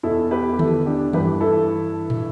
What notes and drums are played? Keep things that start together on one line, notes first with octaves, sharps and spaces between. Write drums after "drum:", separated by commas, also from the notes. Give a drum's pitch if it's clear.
E2 B2 E4 A4
G4 B4
G4
E4 A4, drum: tom D3
D4 G4
G2 E3 G4 B4, drum: tom D#3
E4 A4
drum: tom